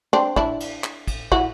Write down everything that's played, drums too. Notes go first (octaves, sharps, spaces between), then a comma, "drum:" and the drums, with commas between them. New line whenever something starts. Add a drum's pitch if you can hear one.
C4 D4
D4 E4, drum: kick
drum: cymbal
drum: clap
drum: kick, cymbal
E4 F#4, drum: kick